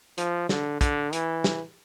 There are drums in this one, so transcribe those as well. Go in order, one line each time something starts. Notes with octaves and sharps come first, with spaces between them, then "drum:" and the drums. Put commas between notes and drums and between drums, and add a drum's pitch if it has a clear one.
F3, drum: hi-hat
D3, drum: snare
D3, drum: kick, hi-hat
E3, drum: hi-hat
drum: snare